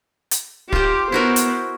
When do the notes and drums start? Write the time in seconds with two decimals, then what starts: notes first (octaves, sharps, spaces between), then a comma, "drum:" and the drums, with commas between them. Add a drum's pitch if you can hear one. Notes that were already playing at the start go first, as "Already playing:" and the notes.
0.31 drum: hi-hat
0.73 F4 G4 C5, drum: kick
1.12 B3 E4 F#4 A#4 C5
1.36 drum: hi-hat